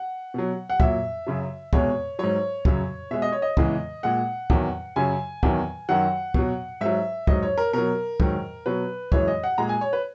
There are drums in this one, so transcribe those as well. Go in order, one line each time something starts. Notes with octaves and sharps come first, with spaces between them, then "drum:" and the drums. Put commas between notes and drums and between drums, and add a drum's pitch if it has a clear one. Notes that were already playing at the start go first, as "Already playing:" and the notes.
Already playing: F#5
B2 F#3
F#5
A#2 F#3 E5, drum: kick
F#2 C#3 F#3
E2 B2 G#3 C#5, drum: kick
G#2 F#3 C#5
F#2 C#3 F#3, drum: kick
B2 G#3 E5
D#5
C#5
D#5
E2 C#3 E3 G#3, drum: kick
A#2 G#3 F#5
E2 D#3 F#3, drum: kick
F#2 C#3 F#3 G#5
E2 D#3 F#3, drum: kick
F#2 D#3 F#3 F#5
B2 F#3, drum: kick
G#2 F#3 E5
G#2 F#3 D#5, drum: kick
C#5
A#4
B2 F#3 A#4
G#2 D#3 F#3, drum: kick
B2 F#3 B4
F#2 E3 G#3 C#5, drum: kick
D#5
F#5
A#2 G#3 A#5
G#5
C#5
B4